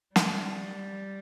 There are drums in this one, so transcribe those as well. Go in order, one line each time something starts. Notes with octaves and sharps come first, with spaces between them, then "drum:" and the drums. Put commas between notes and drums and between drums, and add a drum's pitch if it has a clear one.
G3, drum: snare